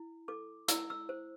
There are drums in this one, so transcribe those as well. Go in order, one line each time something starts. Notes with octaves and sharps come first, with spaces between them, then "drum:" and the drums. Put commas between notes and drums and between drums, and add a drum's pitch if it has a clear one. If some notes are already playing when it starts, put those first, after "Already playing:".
Already playing: E4
A4 D6
E4 E6, drum: hi-hat
E6
C5